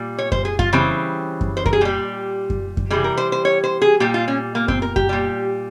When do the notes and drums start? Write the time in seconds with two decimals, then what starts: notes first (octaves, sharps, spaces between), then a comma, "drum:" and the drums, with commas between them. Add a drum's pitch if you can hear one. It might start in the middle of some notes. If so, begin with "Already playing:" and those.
Already playing: A#2 G3
0.19 C#5
0.32 C5, drum: kick F#2
0.45 G#4
0.59 F4, drum: kick F#2
0.73 C#3 E3 G3 C4
1.41 drum: kick F#2
1.57 C5
1.66 A#4, drum: kick F#2
1.73 G#4
1.81 A#2 G3 G4
2.50 drum: kick F#2
2.77 drum: kick F#2
2.90 C3 E3 G3 G#4
3.04 A#4
3.17 C5
3.32 C5
3.45 C#5
3.64 C5
3.82 G#4
4.00 A#2 G3 G4
4.14 F4
4.28 C#4
4.55 A#3
4.68 C4, drum: kick F#2
4.82 A#4
4.96 G4, drum: kick F#2
5.09 A#2 G3